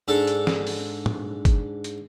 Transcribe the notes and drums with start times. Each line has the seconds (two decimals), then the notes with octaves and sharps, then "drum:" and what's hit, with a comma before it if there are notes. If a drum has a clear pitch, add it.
0.08 G#2 D4 A4 A5
0.27 drum: hi-hat
0.47 drum: snare
0.67 drum: open hi-hat
1.06 drum: tom
1.45 drum: kick G1, hi-hat
1.84 drum: hi-hat